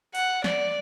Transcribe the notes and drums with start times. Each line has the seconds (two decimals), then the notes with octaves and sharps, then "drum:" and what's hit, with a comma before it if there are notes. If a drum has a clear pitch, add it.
0.15 F#5, drum: open hi-hat
0.44 D5, drum: snare